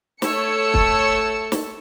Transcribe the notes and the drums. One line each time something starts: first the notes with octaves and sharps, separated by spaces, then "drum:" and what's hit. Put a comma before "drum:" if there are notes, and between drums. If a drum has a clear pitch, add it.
A3 C#5 A5 E6 C#7, drum: snare
drum: kick
drum: snare